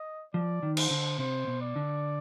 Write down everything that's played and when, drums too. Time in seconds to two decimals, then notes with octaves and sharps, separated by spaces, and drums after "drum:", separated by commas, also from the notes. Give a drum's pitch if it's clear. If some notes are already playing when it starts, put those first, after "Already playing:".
Already playing: D#5
0.34 F3 D5
0.63 D#3
0.77 C5, drum: cymbal
0.90 D3
1.18 C3 C5
1.47 B2
1.62 D5
1.76 D3